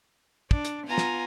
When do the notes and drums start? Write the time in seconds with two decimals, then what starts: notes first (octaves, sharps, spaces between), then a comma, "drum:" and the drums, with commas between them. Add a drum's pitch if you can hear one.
0.51 D4, drum: kick
0.65 drum: hi-hat
0.87 B3 F4 G#5 A#5
0.98 drum: snare